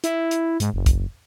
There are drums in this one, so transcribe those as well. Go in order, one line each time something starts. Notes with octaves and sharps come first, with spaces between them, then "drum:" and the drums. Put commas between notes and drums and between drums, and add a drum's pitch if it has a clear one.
E4, drum: hi-hat
drum: hi-hat
G#2, drum: hi-hat
F#1
drum: kick, hi-hat